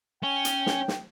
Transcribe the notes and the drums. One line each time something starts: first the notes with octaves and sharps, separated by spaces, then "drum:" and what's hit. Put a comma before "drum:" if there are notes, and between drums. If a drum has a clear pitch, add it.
C#4 G5 G7
drum: hi-hat
drum: snare
drum: snare